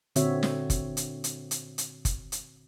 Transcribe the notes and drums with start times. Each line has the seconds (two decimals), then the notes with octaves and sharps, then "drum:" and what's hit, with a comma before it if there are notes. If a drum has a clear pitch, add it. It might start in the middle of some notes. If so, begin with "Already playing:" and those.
0.16 A#2 D3 C4 F#4 C#5 E5, drum: hi-hat
0.43 drum: snare
0.70 drum: kick, hi-hat
0.97 drum: hi-hat
1.24 drum: hi-hat
1.51 drum: hi-hat
1.78 drum: hi-hat
2.05 drum: kick, hi-hat
2.32 drum: hi-hat